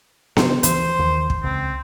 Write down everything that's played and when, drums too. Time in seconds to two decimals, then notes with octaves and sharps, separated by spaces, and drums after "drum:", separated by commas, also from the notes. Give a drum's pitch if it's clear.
0.37 C#3 F3 D4 C5, drum: snare B3
0.63 D2 E3 C5, drum: hi-hat
0.99 D#2 D#3 F3
1.30 drum: kick
1.43 C#2 C4